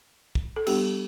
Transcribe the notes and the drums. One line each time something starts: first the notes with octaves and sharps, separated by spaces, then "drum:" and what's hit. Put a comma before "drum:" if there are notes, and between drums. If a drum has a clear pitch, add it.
drum: kick
A4
G3 B3 D4 G4, drum: cymbal